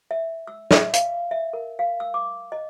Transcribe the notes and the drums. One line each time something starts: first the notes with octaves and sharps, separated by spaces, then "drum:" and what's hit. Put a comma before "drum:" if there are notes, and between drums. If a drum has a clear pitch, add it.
E5
E6
E5, drum: snare
F5, drum: hi-hat
E5
A#4
F5
E6
D6
D#5